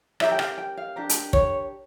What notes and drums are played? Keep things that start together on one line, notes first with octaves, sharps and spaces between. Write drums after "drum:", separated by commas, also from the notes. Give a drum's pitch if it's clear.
C#4 G4 A#4 E5, drum: rim click
G5
F5, drum: rim click
G5
F5
D4 G4 A#4
drum: hi-hat
C#5, drum: kick